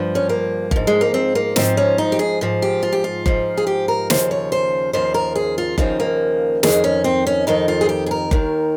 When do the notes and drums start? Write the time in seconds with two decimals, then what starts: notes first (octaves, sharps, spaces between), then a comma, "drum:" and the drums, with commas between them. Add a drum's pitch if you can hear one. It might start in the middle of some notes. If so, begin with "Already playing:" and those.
Already playing: G2 F3
0.15 C#4
0.29 A#3
0.71 G#2 F3, drum: kick F#1
0.87 G#3
1.01 A#3
1.14 C4
1.35 A#3
1.56 G#2 F3 C4, drum: snare
1.77 C#4
1.98 D#4
2.12 G4
2.19 G#4
2.41 G#2 F3
2.62 G4
2.83 F4
2.93 G4
3.04 F4
3.26 G#2 F3, drum: kick F#1
3.57 G#4
3.67 G4
3.88 A#4
4.10 D#2 C#3 F3 C5, drum: snare
4.31 C#5
4.52 C5
4.93 D#2 C#3 F3 C5
5.14 A#4
5.35 G#4
5.58 F4
5.78 D#2 C#3 F3 D#4, drum: kick F#1
6.00 A#3
6.63 F2 D#3 G#4, drum: snare
6.84 C#4
7.04 C4
7.27 C#4
7.47 F2 D#3 D#4
7.68 F4
7.81 G#4
7.89 G4
8.06 G#4
8.11 A#4
8.31 D#2 D#3, drum: kick F#1